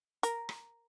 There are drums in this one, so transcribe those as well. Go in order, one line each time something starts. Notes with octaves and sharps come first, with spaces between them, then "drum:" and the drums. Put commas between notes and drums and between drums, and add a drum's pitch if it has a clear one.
A#4, drum: hi-hat
drum: rim click